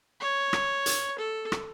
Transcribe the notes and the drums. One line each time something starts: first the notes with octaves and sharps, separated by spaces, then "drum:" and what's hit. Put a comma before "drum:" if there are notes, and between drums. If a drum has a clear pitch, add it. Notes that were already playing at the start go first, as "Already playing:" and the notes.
C#5
drum: rim click
drum: hi-hat
A4
drum: rim click